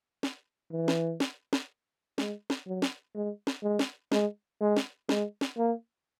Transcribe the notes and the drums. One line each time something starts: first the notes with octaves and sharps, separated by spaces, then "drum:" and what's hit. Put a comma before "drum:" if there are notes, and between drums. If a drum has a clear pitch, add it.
drum: snare
E3
drum: snare
drum: snare
drum: snare
G#3, drum: snare
drum: snare
F#3
drum: snare
G#3
drum: snare
G#3
drum: snare
G#3, drum: snare
G#3
drum: snare
G#3, drum: snare
drum: snare
A#3